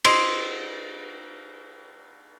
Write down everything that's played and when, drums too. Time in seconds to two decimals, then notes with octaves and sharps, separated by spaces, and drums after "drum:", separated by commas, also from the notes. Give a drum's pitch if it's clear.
0.05 C5 D#5 C6 E6 G#6 C7, drum: cymbal